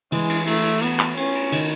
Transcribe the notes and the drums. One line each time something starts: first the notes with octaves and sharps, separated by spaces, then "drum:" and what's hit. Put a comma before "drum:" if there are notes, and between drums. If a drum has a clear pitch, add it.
E3 G#3, drum: cymbal
drum: cymbal
A3, drum: cymbal
drum: cymbal
B3, drum: cymbal
drum: clap
C#4, drum: cymbal
drum: cymbal
D#3, drum: cymbal